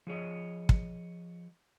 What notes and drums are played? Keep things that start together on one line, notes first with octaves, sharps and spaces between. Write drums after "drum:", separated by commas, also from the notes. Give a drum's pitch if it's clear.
F3 G#4 C#5 D#5
drum: kick